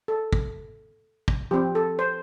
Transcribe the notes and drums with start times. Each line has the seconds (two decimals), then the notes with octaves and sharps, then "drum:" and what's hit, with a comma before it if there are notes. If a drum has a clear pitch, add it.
0.08 A4
0.33 drum: kick
1.28 drum: kick
1.51 F3 C4 G4
1.75 A4
1.99 C5